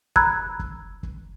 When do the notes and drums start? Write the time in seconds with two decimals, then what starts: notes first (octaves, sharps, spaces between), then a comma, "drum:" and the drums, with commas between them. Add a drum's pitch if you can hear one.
0.16 A#5 B5 E6 F#6 G#6, drum: kick
0.59 drum: kick
1.03 drum: kick